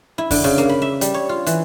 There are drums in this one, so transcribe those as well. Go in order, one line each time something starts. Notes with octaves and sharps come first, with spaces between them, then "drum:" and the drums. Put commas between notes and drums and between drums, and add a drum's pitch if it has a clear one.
E4
D3, drum: kick F2, open hi-hat
C#3
A#3
B5
E5
G3, drum: hi-hat
C#5
F4
E3, drum: hi-hat